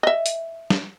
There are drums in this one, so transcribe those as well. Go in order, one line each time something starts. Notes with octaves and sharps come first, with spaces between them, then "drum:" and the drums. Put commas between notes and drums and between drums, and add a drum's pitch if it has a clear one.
D#5 E5
drum: hi-hat
drum: snare